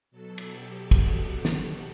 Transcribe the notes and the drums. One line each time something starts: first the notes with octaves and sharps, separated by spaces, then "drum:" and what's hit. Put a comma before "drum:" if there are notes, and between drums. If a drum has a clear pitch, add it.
B2 F#3 A4
drum: cymbal
G4
F#4, drum: kick, cymbal
drum: snare